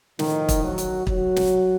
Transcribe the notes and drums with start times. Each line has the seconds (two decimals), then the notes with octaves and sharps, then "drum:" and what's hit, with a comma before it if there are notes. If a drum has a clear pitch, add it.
0.19 A2 D#3 F3 D#4, drum: snare
0.49 drum: kick, hi-hat
0.63 F#3 F#4
0.78 drum: hi-hat
1.07 F#3 F#4, drum: kick
1.36 drum: snare